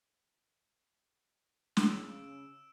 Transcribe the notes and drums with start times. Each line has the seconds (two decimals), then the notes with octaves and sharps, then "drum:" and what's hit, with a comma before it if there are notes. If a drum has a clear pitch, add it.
1.77 C#3 E6 D7 E7, drum: snare